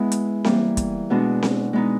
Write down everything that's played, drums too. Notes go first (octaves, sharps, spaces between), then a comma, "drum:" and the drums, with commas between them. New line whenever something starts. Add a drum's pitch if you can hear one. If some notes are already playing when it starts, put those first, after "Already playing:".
Already playing: G#3 B3 E4
drum: hi-hat
E3 G3 A#3, drum: snare C4
drum: kick, hi-hat
B2 G#3 B3 D4 F#4
drum: snare C4
G#3 B3 D#4